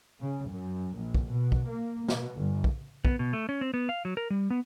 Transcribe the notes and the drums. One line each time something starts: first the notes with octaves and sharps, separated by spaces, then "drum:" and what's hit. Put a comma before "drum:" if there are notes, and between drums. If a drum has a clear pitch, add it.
C#3
F#2
A#1
drum: kick
B2
drum: kick
A#3
B2, drum: snare
G1
drum: kick
B3, drum: kick
B2
A3
C#4
C4
B3
F5
F#3
A#4
G3
B3